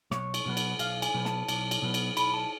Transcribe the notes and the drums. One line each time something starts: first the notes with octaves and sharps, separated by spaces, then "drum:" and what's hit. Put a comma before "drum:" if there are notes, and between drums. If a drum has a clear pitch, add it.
B1 C#5, drum: snare
drum: cymbal
B2 F#3 B3
drum: cymbal
B1 F5, drum: cymbal
G#5, drum: cymbal
B2 F#3 B3
A5, drum: snare
B1, drum: cymbal
drum: cymbal
B2 F#3 B3
drum: cymbal
B1 B5, drum: cymbal
A5